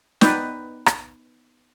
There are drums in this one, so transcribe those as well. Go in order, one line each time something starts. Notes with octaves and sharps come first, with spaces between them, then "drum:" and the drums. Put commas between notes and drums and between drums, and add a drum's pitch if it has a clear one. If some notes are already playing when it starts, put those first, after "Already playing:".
B3 D#4 B4 D5 G5, drum: snare
drum: rim click